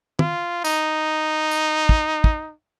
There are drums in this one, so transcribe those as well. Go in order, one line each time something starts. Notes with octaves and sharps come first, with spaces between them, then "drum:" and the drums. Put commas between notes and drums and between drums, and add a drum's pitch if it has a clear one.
F4, drum: tom
D#4, drum: tambourine
drum: tambourine
drum: kick
drum: kick